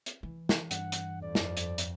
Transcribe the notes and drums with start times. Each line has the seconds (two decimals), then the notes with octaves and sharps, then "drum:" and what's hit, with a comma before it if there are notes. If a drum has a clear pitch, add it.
0.06 drum: hi-hat
0.23 E3
0.49 drum: snare
0.71 G2 F#5, drum: hi-hat
0.92 drum: hi-hat
1.22 F2 D5
1.35 drum: snare
1.57 drum: hi-hat
1.78 drum: hi-hat